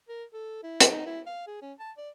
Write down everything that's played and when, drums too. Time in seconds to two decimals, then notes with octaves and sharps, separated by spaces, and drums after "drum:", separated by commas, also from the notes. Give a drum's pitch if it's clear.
0.09 A#4
0.33 A4
0.63 E4
0.80 drum: hi-hat
0.91 D#4
1.06 E4
1.26 F5
1.47 G#4
1.62 C#4
1.79 A5
1.98 D5